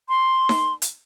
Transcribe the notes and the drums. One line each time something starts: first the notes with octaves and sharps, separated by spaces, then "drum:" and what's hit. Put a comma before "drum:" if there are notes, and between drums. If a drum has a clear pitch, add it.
C6
drum: snare D#4
drum: hi-hat